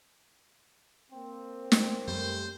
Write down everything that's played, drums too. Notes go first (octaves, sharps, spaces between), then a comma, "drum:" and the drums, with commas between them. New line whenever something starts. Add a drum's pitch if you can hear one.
A#3 C4
drum: snare
F#2 G3 A3 C5